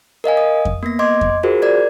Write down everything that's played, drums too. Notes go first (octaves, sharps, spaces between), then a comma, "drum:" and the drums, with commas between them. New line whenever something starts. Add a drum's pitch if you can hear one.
A#4 D#5 F5 G#5
D#6
drum: kick F2
A#3 B3 A#6
D#5 C6 D6 G#6
drum: kick F2
F4 F#4 G#4 A#4 C5
A#4 D5 G#6